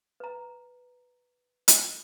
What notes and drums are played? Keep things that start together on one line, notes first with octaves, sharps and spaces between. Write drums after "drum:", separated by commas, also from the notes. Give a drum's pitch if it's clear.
B4 A#5
drum: hi-hat